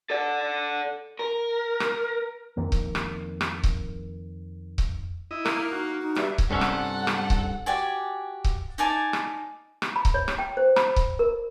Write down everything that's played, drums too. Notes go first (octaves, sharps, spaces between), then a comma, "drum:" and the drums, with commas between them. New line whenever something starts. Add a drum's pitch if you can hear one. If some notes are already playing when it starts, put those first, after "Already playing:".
A4 D5
A#4
drum: rim click
F2 D#3 A#3
drum: kick C#1
drum: rim click
drum: rim click
drum: kick C#1
drum: kick C#1
E4 D#5
A#3, drum: rim click
D#4 F#4
D#4
G2 E5, drum: rim click
drum: kick C#1
C2 G2 C#4 A4 E5 F#5
drum: rim click
drum: rim click
drum: kick C#1
F#4 G4 D5 G#5
drum: kick C#1
D#4 D5 G#5 A5
drum: rim click
drum: rim click
B5
drum: kick C#1
C#5
drum: rim click
G5
C5
B5, drum: rim click
drum: kick C#1
A#4